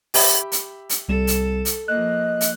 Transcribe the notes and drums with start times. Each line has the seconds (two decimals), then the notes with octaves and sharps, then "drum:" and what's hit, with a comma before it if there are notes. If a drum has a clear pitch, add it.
0.14 G4 E5 B5, drum: open hi-hat
0.52 drum: hi-hat
0.90 drum: hi-hat
1.08 C2 G3 A4 E7
1.27 drum: hi-hat
1.65 drum: hi-hat
1.88 F3 A#3 D#5 F#6
2.41 drum: hi-hat